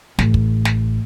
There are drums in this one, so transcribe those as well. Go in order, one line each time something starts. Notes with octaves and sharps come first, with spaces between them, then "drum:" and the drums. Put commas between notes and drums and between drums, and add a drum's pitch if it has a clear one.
A1, drum: snare
drum: kick
drum: snare